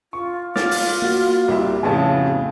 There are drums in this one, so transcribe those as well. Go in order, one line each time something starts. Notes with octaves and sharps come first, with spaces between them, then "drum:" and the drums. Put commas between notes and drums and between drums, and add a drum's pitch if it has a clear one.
F4 C#6
F4 D6 F6 A6, drum: snare
drum: open hi-hat
A#3 F#4
C2 G3 E4 E5
F2 A2 C#3 B3 G#5 A5